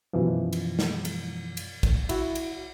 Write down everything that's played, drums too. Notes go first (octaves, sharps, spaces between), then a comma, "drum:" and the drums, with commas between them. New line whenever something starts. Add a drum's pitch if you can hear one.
F#2 B2 E3 F3
drum: cymbal
drum: snare
drum: cymbal
drum: cymbal
drum: kick, cymbal
E4 F#4, drum: cymbal
drum: cymbal